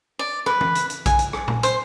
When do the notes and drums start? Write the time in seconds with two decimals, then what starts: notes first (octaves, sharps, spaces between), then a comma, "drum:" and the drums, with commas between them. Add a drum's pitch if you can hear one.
0.19 D5
0.46 B4, drum: rim click
0.61 drum: tom
0.75 drum: hi-hat
0.90 drum: hi-hat
1.06 G#5, drum: kick A#1, hi-hat
1.19 drum: hi-hat
1.33 drum: rim click
1.48 drum: tom A#2
1.63 C5, drum: hi-hat